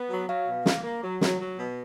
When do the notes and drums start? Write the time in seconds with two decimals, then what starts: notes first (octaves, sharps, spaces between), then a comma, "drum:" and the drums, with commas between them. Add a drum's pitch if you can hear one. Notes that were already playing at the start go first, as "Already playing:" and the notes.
Already playing: B3
0.09 F#3
0.28 F#3 F5
0.47 B2
0.66 A#3, drum: snare
0.84 A#3
1.02 F#3
1.21 F#3, drum: snare
1.40 F#3
1.58 B2